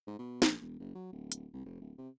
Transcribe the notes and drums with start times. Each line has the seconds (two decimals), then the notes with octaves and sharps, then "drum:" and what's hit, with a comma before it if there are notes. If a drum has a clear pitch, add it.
0.07 G#2
0.19 B2
0.42 A#1, drum: snare
0.62 E1
0.79 F#1
0.95 F#3
1.12 D1
1.32 drum: hi-hat
1.53 C2
1.66 F1
1.81 D1
1.98 C3